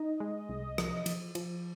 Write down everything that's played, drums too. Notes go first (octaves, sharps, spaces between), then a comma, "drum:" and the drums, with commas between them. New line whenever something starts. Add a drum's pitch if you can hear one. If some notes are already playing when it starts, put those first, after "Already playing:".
Already playing: D#4 D#5
G#3
C2
F3, drum: rim click
F3, drum: cymbal
F3, drum: cymbal